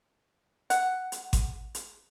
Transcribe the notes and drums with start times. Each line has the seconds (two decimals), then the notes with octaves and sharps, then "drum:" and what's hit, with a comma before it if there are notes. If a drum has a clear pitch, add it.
0.70 F#5, drum: hi-hat
1.12 drum: hi-hat
1.33 drum: kick G#1, hi-hat
1.75 drum: hi-hat